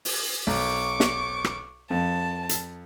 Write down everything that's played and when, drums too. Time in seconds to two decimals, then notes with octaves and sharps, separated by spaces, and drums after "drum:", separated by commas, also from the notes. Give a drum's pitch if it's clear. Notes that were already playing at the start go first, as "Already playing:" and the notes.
0.05 drum: open hi-hat
0.47 B1 C#6 D6
1.00 drum: snare
1.44 drum: rim click
1.90 F2 A5
2.49 drum: hi-hat